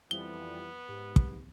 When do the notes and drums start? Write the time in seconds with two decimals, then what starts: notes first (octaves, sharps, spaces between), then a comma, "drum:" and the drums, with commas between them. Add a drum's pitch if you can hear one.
0.11 F2 E3 F3 G3 B3 G7
0.89 G#2 G4
1.16 drum: kick